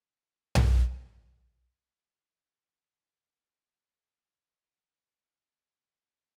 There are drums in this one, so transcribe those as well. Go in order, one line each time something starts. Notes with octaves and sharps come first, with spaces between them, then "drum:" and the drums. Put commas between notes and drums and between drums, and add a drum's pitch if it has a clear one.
C#4 G4 B4 C#5 D#5
drum: tom B1
F3 G#3
G#4 G5
E3 D4